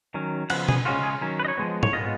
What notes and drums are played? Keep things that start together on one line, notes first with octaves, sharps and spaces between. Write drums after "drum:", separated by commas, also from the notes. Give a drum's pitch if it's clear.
D#3 F#3 C#4
C#3 F3 B3 F#5, drum: cymbal
G#4, drum: tom B2
C#3 G#3 C#4 F4 F#4
G#4
D#3 F#3 C#4
B4
D#5
C#5
F3 G#3 B3
C#5, drum: tom
G#3 B3 F4 D#5